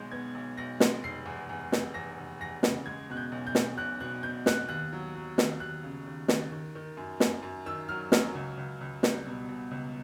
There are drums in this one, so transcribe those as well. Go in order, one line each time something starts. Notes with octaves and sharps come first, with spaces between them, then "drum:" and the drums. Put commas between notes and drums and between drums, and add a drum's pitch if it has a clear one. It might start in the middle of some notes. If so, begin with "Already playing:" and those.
Already playing: B1 B2 G#3 B3 G6
B3 G#6
B1
B1 A#6
G#3, drum: snare
F1 C7
E2
E2
F1, drum: snare
E2 A#6
F1
E2 A#6
C#3, drum: snare
G#3 G#6
B2 F#6
G6
B1
G6
B1, drum: snare
B1 F#6
B2 F#6
B2 G6
B3 F#6, drum: snare
D#2 F#6
F#3
F#3
D#2, drum: snare
D#2 F#6
C#3
D#2
D#2, drum: snare
D#3
D#3
F#2
F#2, drum: snare
F#2
D#3 E6
F#3 F6
F#3 F6, drum: snare
C#2
C#2
C#2
G3, drum: snare
B2
B2
C#2